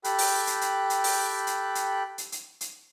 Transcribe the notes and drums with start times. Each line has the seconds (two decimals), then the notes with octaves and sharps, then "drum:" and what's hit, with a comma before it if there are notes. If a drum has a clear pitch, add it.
0.04 G4 A4 G5 B5 F#6, drum: hi-hat
0.19 drum: open hi-hat
0.47 drum: hi-hat
0.61 drum: hi-hat
0.90 drum: hi-hat
1.04 drum: open hi-hat
1.47 drum: hi-hat
1.75 drum: hi-hat
2.18 drum: hi-hat
2.32 drum: hi-hat
2.61 drum: hi-hat